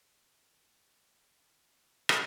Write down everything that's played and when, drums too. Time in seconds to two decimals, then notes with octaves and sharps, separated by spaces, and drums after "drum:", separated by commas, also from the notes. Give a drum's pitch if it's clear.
0.18 F4 C6
2.09 drum: rim click